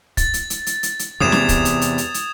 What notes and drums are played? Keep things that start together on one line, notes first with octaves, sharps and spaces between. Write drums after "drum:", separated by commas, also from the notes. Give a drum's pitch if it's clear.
A6, drum: kick, hi-hat
drum: hi-hat
drum: hi-hat
drum: hi-hat
drum: hi-hat
drum: hi-hat
E2 C3 D#6 G#6 E7
drum: snare
drum: kick, hi-hat
drum: hi-hat
drum: hi-hat
drum: hi-hat
drum: hi-hat